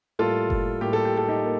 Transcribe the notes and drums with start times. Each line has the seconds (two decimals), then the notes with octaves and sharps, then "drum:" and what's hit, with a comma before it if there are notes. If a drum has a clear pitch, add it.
0.19 A2 G3 A#3 F4 A4
0.50 drum: kick F#1
0.81 A2 G3 A#3 G4
0.93 A4
1.05 G4
1.17 A4
1.29 D#4 G4
1.44 A#3